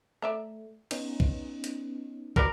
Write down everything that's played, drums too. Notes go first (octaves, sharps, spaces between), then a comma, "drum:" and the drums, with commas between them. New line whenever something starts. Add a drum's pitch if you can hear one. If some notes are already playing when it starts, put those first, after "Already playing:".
A3 D5 E5 A#5
B3 C#4 D#4, drum: cymbal
drum: kick
drum: hi-hat
F#4 A#4 B4 D5, drum: kick